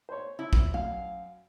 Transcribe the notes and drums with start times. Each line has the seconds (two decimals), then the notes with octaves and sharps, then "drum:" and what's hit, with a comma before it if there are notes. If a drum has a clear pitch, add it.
0.09 C5 C#5
0.39 E4
0.53 drum: kick
0.74 F#2 F5